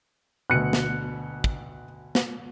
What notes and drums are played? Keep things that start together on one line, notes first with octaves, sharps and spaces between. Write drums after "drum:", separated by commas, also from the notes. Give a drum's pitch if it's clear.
D2 B2 F#6 C#7
drum: snare
drum: kick
drum: snare